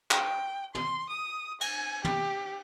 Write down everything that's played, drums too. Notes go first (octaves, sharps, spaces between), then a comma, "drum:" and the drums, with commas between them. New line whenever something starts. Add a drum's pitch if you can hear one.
G5, drum: clap
C6, drum: tom
D#6
G#5, drum: cymbal
G4, drum: tom